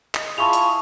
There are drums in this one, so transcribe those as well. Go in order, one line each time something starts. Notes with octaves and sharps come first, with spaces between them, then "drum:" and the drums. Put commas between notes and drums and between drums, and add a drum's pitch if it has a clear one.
D#5, drum: clap
E4 F4 G#4 A5 C#6 F7
drum: hi-hat